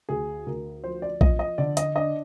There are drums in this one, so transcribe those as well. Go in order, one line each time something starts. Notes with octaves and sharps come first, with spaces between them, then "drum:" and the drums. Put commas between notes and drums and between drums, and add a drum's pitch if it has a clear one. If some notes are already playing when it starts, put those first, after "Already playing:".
D2 G#4
D2 A#4
F3 C5
D5
F3 D#5, drum: kick A#1
D#5
D3 D5
D#5, drum: hi-hat
D4 D#5